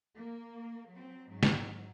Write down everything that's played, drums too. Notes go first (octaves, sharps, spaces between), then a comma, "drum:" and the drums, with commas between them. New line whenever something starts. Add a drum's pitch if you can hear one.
A#3
F#3 C4
G#2 F#3
drum: snare